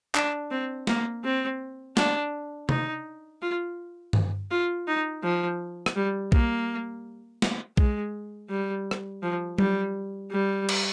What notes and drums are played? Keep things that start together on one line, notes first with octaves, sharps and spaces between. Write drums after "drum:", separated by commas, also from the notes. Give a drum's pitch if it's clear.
D4, drum: clap
C4
A#3, drum: snare
C4
D4, drum: snare
D#4, drum: tom C3
F4
drum: tom G2
F4
D#4
F3
drum: rim click
G3
A#3, drum: kick B1
drum: snare
G#3, drum: kick B1
G3
drum: rim click
F3
G3, drum: tom F#3
G3
drum: cymbal